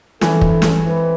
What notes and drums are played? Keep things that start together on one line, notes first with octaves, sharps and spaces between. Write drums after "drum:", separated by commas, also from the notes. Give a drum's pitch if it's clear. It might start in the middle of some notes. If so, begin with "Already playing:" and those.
D3 E3 A3 C4 E4 A4, drum: snare
drum: kick
drum: snare
G#3 C4 E4 B4